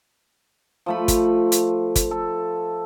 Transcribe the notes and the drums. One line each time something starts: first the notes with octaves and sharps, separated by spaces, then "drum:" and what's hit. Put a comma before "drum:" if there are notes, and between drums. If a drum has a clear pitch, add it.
F3 A3 B5
drum: kick, hi-hat
drum: hi-hat
drum: kick, hi-hat
A4